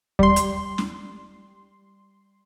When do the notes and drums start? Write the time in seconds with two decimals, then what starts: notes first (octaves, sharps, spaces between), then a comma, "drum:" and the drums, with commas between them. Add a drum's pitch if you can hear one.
0.19 G3 C6, drum: kick D#2
0.36 drum: hi-hat
0.78 drum: snare